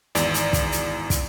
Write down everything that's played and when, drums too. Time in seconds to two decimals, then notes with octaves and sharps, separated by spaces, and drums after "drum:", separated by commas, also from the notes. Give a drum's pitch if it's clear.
0.15 G#1 E2 D5, drum: hi-hat
0.34 drum: hi-hat
0.53 drum: kick, hi-hat
0.72 drum: hi-hat
1.10 drum: kick, hi-hat